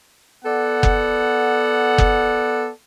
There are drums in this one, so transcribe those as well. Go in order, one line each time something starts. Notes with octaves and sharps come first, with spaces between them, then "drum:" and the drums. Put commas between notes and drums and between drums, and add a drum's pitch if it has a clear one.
B3 A4 D5 F#5
drum: kick F#1
drum: kick F#1